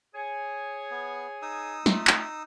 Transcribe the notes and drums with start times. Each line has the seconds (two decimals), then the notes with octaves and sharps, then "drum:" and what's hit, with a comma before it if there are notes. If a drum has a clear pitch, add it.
0.15 G#4 C#5 G#5
0.91 B3
1.42 D#4 D#6 E6
1.86 A3 F4, drum: snare
2.07 drum: clap